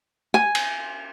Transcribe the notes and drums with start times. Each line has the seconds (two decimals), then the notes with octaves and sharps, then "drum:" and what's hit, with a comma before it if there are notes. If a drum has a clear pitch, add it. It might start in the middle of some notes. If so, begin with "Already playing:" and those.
0.34 G#5
0.55 drum: cymbal